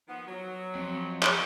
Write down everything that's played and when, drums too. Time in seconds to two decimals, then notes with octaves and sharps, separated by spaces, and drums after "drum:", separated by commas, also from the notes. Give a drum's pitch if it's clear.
0.07 D#3 F3 B3
0.27 F#3
0.75 F2 C4
1.23 drum: clap